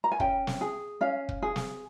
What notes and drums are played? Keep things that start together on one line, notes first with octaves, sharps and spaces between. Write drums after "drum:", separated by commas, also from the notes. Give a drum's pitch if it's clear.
A#5
G#5
C#4 G5, drum: kick
drum: snare
G#4
C#4 F5
drum: kick
G#4
drum: snare